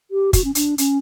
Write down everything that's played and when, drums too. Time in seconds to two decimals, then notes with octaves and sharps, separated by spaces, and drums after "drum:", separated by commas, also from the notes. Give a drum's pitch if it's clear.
0.11 G4
0.33 F#4, drum: kick, hi-hat
0.44 C#4
0.55 D4, drum: hi-hat
0.78 C#4, drum: hi-hat